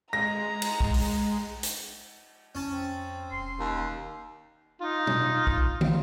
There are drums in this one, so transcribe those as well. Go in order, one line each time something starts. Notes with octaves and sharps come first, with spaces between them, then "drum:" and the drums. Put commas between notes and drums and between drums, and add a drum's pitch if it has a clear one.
G#3 A#5 A#6
drum: cymbal
drum: kick B1
drum: open hi-hat
drum: hi-hat
F2 C#4 A5
C4
E1 C6
D#2
D#4 F4
drum: tom
drum: kick B1
drum: tom